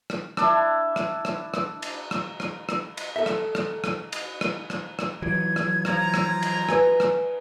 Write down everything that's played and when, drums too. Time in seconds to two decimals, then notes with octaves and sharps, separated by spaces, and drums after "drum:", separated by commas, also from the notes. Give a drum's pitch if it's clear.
0.10 drum: rim click
0.37 D4 E4, drum: rim click
0.96 drum: rim click
1.25 drum: rim click
1.54 drum: rim click
1.82 drum: cymbal
2.11 drum: rim click
2.40 drum: rim click
2.69 drum: rim click
2.97 drum: cymbal
3.16 A4 E5
3.26 drum: rim click
3.55 drum: rim click
3.84 drum: rim click
4.12 drum: cymbal
4.41 drum: rim click
4.70 drum: rim click
4.99 drum: rim click
5.22 E3 F#3 G#6
5.56 drum: rim click
5.85 F3 A#5, drum: rim click
6.14 drum: rim click
6.42 drum: cymbal
6.69 B4 G#5, drum: rim click
7.00 drum: rim click